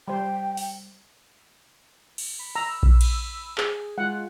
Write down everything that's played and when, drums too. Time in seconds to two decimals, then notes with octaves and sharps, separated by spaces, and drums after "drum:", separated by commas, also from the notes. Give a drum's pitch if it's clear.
0.08 G3 C5 G5
0.57 drum: open hi-hat
2.18 drum: cymbal
2.39 B5
2.55 A#5 E6
2.83 drum: kick A#1
3.01 drum: cymbal
3.58 G#4, drum: clap
3.98 G#3 F4 F#5